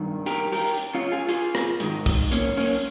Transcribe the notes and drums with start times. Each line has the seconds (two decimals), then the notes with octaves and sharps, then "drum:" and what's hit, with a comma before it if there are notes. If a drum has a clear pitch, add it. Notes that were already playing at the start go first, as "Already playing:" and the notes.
Already playing: G2 D#3
0.26 G4 A#4, drum: hi-hat
0.52 G4 A#4, drum: open hi-hat
0.78 drum: hi-hat
0.95 C#4 F4
1.12 F4 G#4
1.29 F4 G#4, drum: hi-hat
1.55 drum: rim click
1.80 G#2 D#3, drum: hi-hat
2.06 drum: kick, open hi-hat
2.32 A#3 C#4, drum: hi-hat
2.57 A#3 C#4, drum: open hi-hat